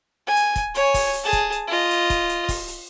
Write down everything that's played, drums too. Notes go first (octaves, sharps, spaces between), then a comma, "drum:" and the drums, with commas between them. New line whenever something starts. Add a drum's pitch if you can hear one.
G#5
drum: hi-hat
drum: kick, hi-hat
C#5 G#5, drum: hi-hat
drum: kick, open hi-hat
drum: hi-hat
G#4 A5
drum: kick, hi-hat
drum: hi-hat
F4 D#5
drum: hi-hat
drum: kick, hi-hat
drum: hi-hat
drum: kick, open hi-hat
drum: hi-hat